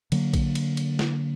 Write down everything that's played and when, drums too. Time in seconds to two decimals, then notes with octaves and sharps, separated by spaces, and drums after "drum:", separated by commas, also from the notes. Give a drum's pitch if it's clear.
0.12 D3 F#3 A#3, drum: cymbal
0.34 drum: kick, cymbal
0.55 drum: cymbal
0.77 drum: cymbal
0.99 drum: snare